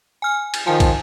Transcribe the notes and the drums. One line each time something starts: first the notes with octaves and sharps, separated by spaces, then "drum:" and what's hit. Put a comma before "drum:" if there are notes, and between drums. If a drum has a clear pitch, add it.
G#5 F6
drum: cymbal
D#3 F3 G#5 A5
drum: kick, cymbal